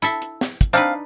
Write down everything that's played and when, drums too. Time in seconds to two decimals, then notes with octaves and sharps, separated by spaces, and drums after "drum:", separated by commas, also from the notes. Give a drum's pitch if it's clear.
0.02 E4 A4 E5, drum: hi-hat
0.22 drum: hi-hat
0.41 drum: snare
0.61 drum: kick, hi-hat
0.73 C4 D4 D#4 B4 F5